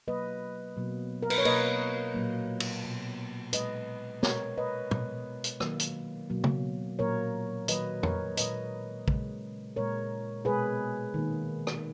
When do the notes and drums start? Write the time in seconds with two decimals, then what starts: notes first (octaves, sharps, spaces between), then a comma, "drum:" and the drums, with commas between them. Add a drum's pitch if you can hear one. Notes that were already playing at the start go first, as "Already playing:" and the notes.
0.08 B2 F#3 A#3 B4 D#5
0.77 B2 F#3 A#3
1.22 A#4
1.30 B4, drum: cymbal
1.38 C#5
1.45 B2 A#3 B4 D#5, drum: cymbal
2.14 A#2 F#3 A#3
2.60 drum: cymbal
2.84 B2 A#3
3.53 A#2 G#3 B4 D#5, drum: hi-hat
4.23 B2 G#3 A#4 C#5, drum: snare
4.58 B4 D#5
4.91 B2 G#3, drum: tom
5.44 drum: hi-hat
5.60 D#3 F#3 A#3, drum: rim click
5.80 drum: hi-hat
6.30 B2 F#3 A#3
6.44 drum: tom C#3
6.99 A#2 F#3 A#3 A#4 C#5
7.68 D#3 F#3 A#3 B4 D#5, drum: hi-hat
8.03 A#4 C#5, drum: tom
8.37 A#2 G#3 B4 D#5, drum: hi-hat
9.08 C#3 G#3, drum: kick
9.76 A#2 G#3 A#4 C#5
10.45 B2 G#3 G#4 B4
11.14 D#3 A#3
11.67 drum: rim click